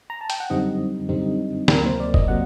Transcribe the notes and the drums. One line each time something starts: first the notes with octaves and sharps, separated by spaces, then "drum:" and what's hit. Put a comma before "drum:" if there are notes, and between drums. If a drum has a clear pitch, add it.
A#5
A5
G5, drum: hi-hat
F#5
F#2 D3 G3 C4 D#4 D#5
F#2 D3 G3 C4 D#4
D2 C3 F#3 A#3 A#4, drum: snare
C5
D5
D#5, drum: kick F#1
C3 F#3 A#3 F#5